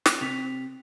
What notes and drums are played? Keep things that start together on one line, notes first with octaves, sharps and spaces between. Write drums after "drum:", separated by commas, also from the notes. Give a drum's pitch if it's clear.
drum: snare
C3 B6 F7